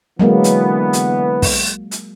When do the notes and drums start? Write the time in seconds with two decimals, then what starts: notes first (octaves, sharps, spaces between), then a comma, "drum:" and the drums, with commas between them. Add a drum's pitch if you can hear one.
0.19 D3 E3 F#3 G#3 A#3 B3
0.44 drum: hi-hat
0.93 drum: hi-hat
1.42 drum: kick, open hi-hat
1.91 drum: hi-hat